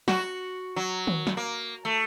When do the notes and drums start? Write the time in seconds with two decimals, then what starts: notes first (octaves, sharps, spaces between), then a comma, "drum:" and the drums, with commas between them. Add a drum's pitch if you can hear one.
0.08 F#4, drum: snare
0.76 F#3
1.07 drum: tom D#3
1.27 drum: snare
1.37 A#3
1.85 A3